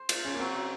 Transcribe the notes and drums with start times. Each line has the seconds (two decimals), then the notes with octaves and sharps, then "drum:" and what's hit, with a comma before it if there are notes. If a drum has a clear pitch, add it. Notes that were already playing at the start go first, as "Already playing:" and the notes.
Already playing: C5
0.09 F4, drum: cymbal
0.24 C#3 C#4
0.34 A#3
0.39 F#3 C4
0.56 F#3